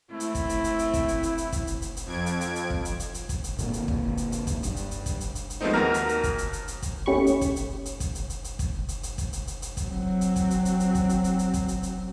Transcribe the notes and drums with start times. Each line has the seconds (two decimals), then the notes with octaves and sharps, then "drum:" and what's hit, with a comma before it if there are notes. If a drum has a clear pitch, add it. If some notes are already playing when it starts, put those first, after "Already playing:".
0.11 A3 C4 E4
0.20 drum: hi-hat
0.35 drum: kick, hi-hat
0.49 drum: hi-hat
0.64 drum: hi-hat
0.79 drum: hi-hat
0.94 drum: kick, hi-hat
1.08 drum: hi-hat
1.23 drum: hi-hat
1.38 drum: hi-hat
1.52 drum: kick, hi-hat
1.67 drum: hi-hat
1.82 drum: hi-hat
1.97 drum: hi-hat
2.06 F2 G#6 D7
2.26 drum: hi-hat
2.41 drum: hi-hat
2.55 drum: hi-hat
2.70 drum: kick
2.85 drum: hi-hat
3.00 drum: hi-hat
3.14 drum: hi-hat
3.29 drum: kick, hi-hat
3.44 drum: hi-hat
3.59 A#2 D3 A#3, drum: hi-hat
3.73 drum: hi-hat
3.88 drum: kick
4.17 drum: hi-hat
4.32 drum: hi-hat
4.47 drum: kick, hi-hat
4.63 G2, drum: hi-hat
4.76 drum: hi-hat
4.91 drum: hi-hat
5.06 drum: kick, hi-hat
5.20 drum: hi-hat
5.35 drum: hi-hat
5.50 drum: hi-hat
5.61 F3 G#3 A3 B3 C4 D#4
5.73 D#2 F#4 A#4 A#5 F6 A#6
5.94 drum: hi-hat
6.09 drum: hi-hat
6.24 drum: kick, hi-hat
6.38 drum: hi-hat
6.53 drum: hi-hat
6.68 drum: hi-hat
6.82 drum: kick, hi-hat
7.06 D#2 A3 C#4 G4 B5 C#6
7.27 drum: hi-hat
7.41 drum: kick, hi-hat
7.56 drum: hi-hat
7.85 drum: hi-hat
8.00 drum: kick, hi-hat
8.15 drum: hi-hat
8.30 drum: hi-hat
8.44 drum: hi-hat
8.59 drum: kick, hi-hat
8.89 drum: hi-hat
9.03 drum: hi-hat
9.18 drum: kick, hi-hat
9.33 drum: hi-hat
9.47 drum: hi-hat
9.62 drum: hi-hat
9.77 drum: kick, hi-hat
9.86 F#3 C4
10.21 drum: hi-hat
10.36 drum: kick, hi-hat
10.50 drum: hi-hat
10.65 drum: hi-hat
10.80 drum: hi-hat
10.95 drum: kick, hi-hat
11.09 drum: hi-hat
11.24 drum: hi-hat
11.39 drum: hi-hat
11.54 drum: kick, hi-hat
11.68 drum: hi-hat
11.83 drum: hi-hat